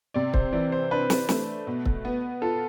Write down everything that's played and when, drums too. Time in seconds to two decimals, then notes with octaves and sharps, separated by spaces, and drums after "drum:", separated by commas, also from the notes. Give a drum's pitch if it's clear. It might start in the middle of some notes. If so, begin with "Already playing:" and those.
0.14 C3 D5
0.34 C5, drum: kick
0.53 E3 D5
0.72 C5
0.91 D4 B4
1.10 drum: snare
1.29 A3, drum: snare
1.67 B2
1.86 drum: kick
2.05 B3
2.42 F4 A4